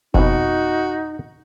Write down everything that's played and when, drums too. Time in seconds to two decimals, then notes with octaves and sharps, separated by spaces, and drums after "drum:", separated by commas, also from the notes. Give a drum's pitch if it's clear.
0.14 F2 B2 D#4 F#4, drum: kick F1